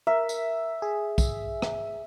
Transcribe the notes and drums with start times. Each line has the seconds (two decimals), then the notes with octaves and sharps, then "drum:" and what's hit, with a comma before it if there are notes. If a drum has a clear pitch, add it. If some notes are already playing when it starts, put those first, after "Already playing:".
0.07 A#4 E5
0.29 drum: tambourine
0.82 G#4
1.18 drum: kick, tambourine
1.62 drum: rim click